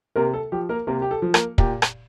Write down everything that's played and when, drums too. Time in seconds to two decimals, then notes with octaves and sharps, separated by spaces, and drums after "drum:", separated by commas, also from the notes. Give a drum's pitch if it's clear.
0.16 C3 A#3 A#4
0.34 A4
0.52 F3 G4
0.69 A#3 A#4
0.87 C3 A#3 A#4
1.02 G4
1.11 A4
1.22 F3
1.34 A#3 A#4, drum: rim click
1.58 A#2 G4, drum: kick
1.82 drum: rim click